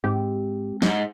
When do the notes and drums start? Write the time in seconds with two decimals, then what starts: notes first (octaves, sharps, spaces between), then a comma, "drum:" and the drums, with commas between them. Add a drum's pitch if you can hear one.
0.04 G#2 G#3 C4 G4
0.82 G#2, drum: snare